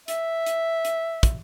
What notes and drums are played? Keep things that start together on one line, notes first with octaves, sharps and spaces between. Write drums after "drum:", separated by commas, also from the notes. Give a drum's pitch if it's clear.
E5, drum: hi-hat
drum: hi-hat
drum: hi-hat
drum: kick, hi-hat